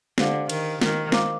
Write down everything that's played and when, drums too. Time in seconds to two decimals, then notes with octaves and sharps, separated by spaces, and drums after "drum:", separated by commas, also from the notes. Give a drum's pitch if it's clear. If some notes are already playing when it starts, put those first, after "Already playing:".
0.18 D3 D4 G4 C5 F5, drum: snare
0.49 D#3, drum: cymbal
0.81 D#3, drum: snare
1.12 C5 F5 A#5 D6, drum: snare